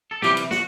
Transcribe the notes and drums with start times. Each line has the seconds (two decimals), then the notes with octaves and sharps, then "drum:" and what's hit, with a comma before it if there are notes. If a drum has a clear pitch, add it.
0.11 A4
0.22 C3 E3 G3 G4, drum: snare
0.37 drum: cymbal
0.51 F#4, drum: snare